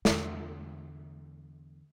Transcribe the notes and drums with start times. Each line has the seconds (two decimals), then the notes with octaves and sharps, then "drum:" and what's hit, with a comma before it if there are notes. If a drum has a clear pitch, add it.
0.05 E2 D3, drum: snare